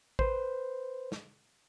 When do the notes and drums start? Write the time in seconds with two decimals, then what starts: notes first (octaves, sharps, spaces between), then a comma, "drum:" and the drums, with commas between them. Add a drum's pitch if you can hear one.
0.19 B4 C5, drum: kick A1
1.12 drum: snare